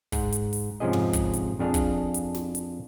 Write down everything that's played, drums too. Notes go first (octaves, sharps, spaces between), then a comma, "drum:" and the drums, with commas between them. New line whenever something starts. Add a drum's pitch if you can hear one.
G#2, drum: kick, open hi-hat
drum: hi-hat
drum: open hi-hat
G#2 C3 F3 C#4 G#4 D#5
drum: tom
drum: kick, hi-hat
drum: hi-hat
F2 D4 G#4 F5
drum: kick, hi-hat
drum: hi-hat
drum: snare
drum: hi-hat